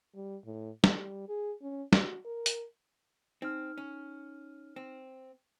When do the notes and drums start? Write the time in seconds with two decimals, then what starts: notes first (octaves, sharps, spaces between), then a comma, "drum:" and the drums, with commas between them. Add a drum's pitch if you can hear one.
0.15 G3
0.46 A2
0.84 G3, drum: snare
1.29 G#4
1.62 C#4
1.93 F#4, drum: snare
2.25 A#4
2.46 drum: hi-hat
3.42 C4 D#4 F6
3.78 C#4
4.76 C4